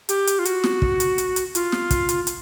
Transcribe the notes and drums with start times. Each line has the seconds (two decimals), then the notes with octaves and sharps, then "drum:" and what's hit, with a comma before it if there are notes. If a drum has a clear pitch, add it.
0.09 G4, drum: hi-hat
0.27 drum: hi-hat
0.39 F4
0.45 F#4, drum: hi-hat
0.64 drum: snare
0.82 drum: kick
1.00 drum: hi-hat
1.18 drum: hi-hat
1.36 drum: hi-hat
1.55 F4, drum: hi-hat
1.72 drum: snare
1.90 drum: kick, hi-hat
2.09 drum: hi-hat
2.27 drum: hi-hat